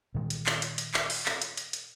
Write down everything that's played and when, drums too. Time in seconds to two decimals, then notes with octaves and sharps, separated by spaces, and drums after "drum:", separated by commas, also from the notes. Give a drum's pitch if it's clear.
0.15 A#2 D#3 G#3
0.30 drum: hi-hat
0.46 drum: clap
0.62 drum: hi-hat
0.78 drum: hi-hat
0.94 drum: clap
1.10 drum: open hi-hat
1.26 drum: clap
1.42 drum: hi-hat
1.57 drum: hi-hat
1.73 drum: hi-hat